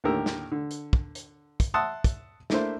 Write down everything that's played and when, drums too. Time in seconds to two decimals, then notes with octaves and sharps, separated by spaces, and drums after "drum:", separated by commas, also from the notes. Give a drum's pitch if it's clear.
0.04 D#2 A2 D3 G4 A#4 E6
0.26 drum: snare
0.52 D3
0.71 drum: hi-hat
0.93 drum: kick
1.15 drum: hi-hat
1.60 drum: kick, hi-hat
1.74 E5 F#5 A5 C6 D#6 E6
2.04 drum: kick, hi-hat
2.50 A3 A#3 D4 E4 C5, drum: snare